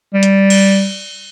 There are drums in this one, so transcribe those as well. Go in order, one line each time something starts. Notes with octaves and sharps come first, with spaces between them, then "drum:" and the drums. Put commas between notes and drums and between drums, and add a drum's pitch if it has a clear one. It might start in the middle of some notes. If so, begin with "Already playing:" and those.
G3
drum: hi-hat
drum: cymbal